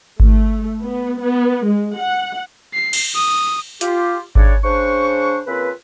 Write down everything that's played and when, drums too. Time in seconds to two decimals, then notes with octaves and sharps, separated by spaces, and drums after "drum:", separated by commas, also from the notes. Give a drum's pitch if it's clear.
0.20 A3, drum: kick G#1
0.81 B3
1.20 B3
1.65 G#3
1.97 F#5
2.74 C7
2.93 drum: cymbal
3.15 D#6
3.81 F4 G4, drum: hi-hat
4.35 C#3 D4 C#5 D5, drum: kick G#1
4.64 C#3 D4 C5 C#6
5.47 C#3 A#3 C4 F4 B4